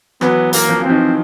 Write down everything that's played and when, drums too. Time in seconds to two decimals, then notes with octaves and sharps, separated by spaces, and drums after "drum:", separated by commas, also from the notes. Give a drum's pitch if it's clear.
0.21 E3 F#3 B3, drum: rim click
0.53 A#3, drum: hi-hat
0.69 F3
0.79 E3
0.84 C4
0.89 D#3 F3